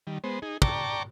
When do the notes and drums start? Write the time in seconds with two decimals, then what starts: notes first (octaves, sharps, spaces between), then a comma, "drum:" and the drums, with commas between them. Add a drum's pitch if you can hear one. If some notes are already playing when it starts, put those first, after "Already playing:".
0.07 D#3 G3
0.24 G#3 B3 C5
0.42 D#4 G#4
0.62 D5 G5 A5 A#5 C#6 D6, drum: kick